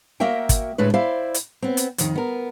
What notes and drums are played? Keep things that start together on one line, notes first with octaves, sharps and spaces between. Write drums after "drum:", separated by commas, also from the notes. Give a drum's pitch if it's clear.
A#3 F#4 A#4 E5 G5
drum: kick, hi-hat
D2 A2 G#3 A3 B4
E4 C5 D5 E5 F5
drum: hi-hat
B3 C4
drum: hi-hat
F2 D#3, drum: hi-hat
B3 A#4